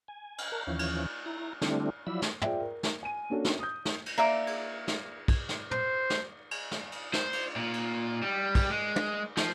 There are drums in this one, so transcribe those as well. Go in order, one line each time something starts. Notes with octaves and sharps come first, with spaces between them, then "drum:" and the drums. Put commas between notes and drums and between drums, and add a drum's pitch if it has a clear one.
G#5
drum: cymbal
A#4 A5 A#5 F#6
D#2 E3 F3 C#4
drum: cymbal
E4 A#5
D3 G3 A3 C4 D4 E4, drum: snare
F3 F#3 E4 D5 B5 E6
drum: snare
F4 G#4 C5 D5 E5 G5, drum: tom
A#4
drum: snare
G#5 D#7
A#3 C#4 D4 F#4 A4 C#5
drum: snare
D#6 G6
drum: snare
drum: cymbal
A#3 D5 E5
drum: cymbal
drum: snare
drum: kick, cymbal
drum: snare
C5, drum: tom
drum: snare
drum: cymbal
drum: snare
drum: cymbal
C5, drum: snare
drum: cymbal
A#2
drum: cymbal
G3
drum: kick, cymbal
G#3
drum: tom
F3, drum: snare